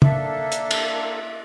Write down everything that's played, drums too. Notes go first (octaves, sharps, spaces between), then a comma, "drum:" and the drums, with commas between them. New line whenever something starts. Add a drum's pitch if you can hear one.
A#3 D4 A4 E5, drum: tom
drum: hi-hat
drum: cymbal